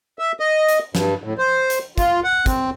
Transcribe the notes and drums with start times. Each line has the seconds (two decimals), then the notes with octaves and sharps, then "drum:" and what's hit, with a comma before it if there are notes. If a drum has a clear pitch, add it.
0.19 E5
0.40 D#5
0.68 drum: hi-hat
0.95 G2, drum: snare
1.23 A2
1.38 C5
1.70 drum: hi-hat
1.98 F4, drum: kick, hi-hat
2.24 F#5
2.46 C4, drum: kick, hi-hat